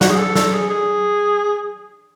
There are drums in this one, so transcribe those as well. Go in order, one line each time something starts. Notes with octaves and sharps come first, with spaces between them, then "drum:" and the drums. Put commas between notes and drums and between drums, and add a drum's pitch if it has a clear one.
F#4, drum: snare
G#4
A4
A4, drum: snare
G#4
G#4